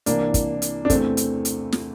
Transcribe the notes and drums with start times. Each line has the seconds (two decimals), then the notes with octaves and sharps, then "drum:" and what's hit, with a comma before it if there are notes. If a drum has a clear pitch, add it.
0.06 C2 C3 E3 A#3 D4, drum: hi-hat
0.34 drum: kick, hi-hat
0.62 drum: hi-hat
0.85 D4
0.90 E2 C3 E3 A3 C4, drum: kick, hi-hat
1.17 drum: hi-hat
1.45 drum: hi-hat
1.72 drum: snare